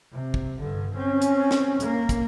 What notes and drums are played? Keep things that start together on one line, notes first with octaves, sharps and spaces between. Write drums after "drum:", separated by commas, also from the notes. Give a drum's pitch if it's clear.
C3
drum: kick
G2 D3
C4 C#4
drum: hi-hat
drum: snare
A#3, drum: hi-hat
drum: kick, hi-hat